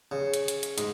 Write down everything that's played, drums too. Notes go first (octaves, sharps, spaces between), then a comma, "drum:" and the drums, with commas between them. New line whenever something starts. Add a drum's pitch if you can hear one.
C#3
drum: hi-hat
drum: hi-hat
drum: hi-hat
G#2, drum: hi-hat